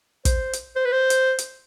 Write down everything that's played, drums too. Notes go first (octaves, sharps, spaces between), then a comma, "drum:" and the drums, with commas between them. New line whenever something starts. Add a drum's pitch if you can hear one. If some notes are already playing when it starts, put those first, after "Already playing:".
C5, drum: kick, hi-hat
drum: hi-hat
C5
B4
C5
drum: hi-hat
drum: hi-hat